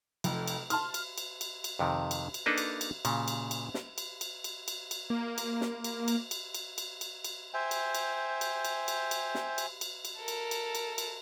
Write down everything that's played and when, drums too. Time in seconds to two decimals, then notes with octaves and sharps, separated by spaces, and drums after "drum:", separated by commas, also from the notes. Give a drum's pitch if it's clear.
0.24 F1 F2, drum: cymbal
0.48 drum: cymbal
0.70 A5 C6 F6, drum: cymbal
0.94 drum: cymbal
1.18 drum: cymbal
1.41 drum: cymbal
1.64 drum: cymbal
1.79 F2 C3 D#3
2.11 drum: cymbal
2.34 drum: cymbal
2.46 A#3 D4 D#4 A4 B4
2.58 drum: cymbal
2.81 drum: cymbal
3.05 A#2 C#3, drum: cymbal
3.28 drum: cymbal
3.51 drum: cymbal
3.74 drum: snare
3.98 drum: cymbal
4.21 drum: cymbal
4.44 drum: cymbal
4.68 drum: cymbal
4.91 drum: cymbal
5.10 A#3
5.38 drum: cymbal
5.61 drum: snare
5.84 drum: cymbal
6.08 drum: cymbal
6.31 drum: cymbal
6.54 drum: cymbal
6.78 drum: cymbal
7.01 drum: cymbal
7.24 drum: cymbal
7.54 C5 E5 G5 G#5
7.71 drum: cymbal
7.95 drum: cymbal
8.41 drum: cymbal
8.65 drum: cymbal
8.88 drum: cymbal
9.11 drum: cymbal
9.35 drum: snare
9.58 drum: cymbal
9.81 drum: cymbal
10.05 drum: cymbal
10.17 A4 A#4
10.28 drum: cymbal
10.51 drum: cymbal
10.75 drum: cymbal
10.98 drum: cymbal